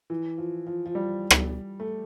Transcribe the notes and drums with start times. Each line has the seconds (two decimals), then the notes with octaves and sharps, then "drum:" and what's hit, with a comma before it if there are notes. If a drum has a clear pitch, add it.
0.10 E3
0.38 F3
0.67 F3
0.86 F3
0.95 G3
1.30 drum: rim click
1.80 A3